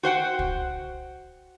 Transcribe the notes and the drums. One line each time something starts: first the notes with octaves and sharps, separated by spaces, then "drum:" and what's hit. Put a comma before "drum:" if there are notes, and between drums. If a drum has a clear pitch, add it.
F#4 C5 F#5 G5
drum: kick